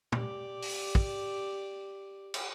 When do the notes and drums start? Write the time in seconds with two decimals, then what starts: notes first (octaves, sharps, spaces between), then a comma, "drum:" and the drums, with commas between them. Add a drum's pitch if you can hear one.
0.12 G4 D5, drum: tom
0.62 drum: open hi-hat
0.95 drum: kick
2.34 drum: cymbal